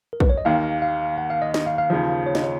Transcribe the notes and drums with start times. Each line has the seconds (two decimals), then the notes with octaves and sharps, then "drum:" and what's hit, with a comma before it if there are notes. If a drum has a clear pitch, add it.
0.13 A#4
0.20 B4, drum: kick
0.29 C#5
0.38 D#5
0.45 D#2 D#3 A#3 F5
0.82 F5
1.18 F#5
1.30 F5
1.42 D#5
1.54 D#5, drum: snare
1.66 F5
1.78 F5
1.90 D#2 C#3 F3
2.27 C#5
2.35 D#5, drum: snare
2.43 C#5